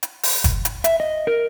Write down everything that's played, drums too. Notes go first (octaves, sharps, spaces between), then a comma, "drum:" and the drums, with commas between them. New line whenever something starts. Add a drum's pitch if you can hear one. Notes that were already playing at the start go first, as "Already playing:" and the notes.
drum: hi-hat
drum: open hi-hat
drum: kick F#1, hi-hat
drum: hi-hat
E5, drum: hi-hat
D#5
A#4